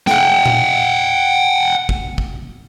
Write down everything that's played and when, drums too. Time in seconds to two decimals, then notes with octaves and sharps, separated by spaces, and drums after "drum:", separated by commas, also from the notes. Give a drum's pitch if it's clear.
0.07 F#5 G5, drum: snare
0.46 drum: tom A#2
1.89 drum: kick
2.18 drum: kick